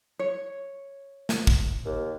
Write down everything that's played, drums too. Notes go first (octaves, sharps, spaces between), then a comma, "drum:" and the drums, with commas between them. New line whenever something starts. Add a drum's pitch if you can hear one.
C#5
drum: snare
drum: kick
D#2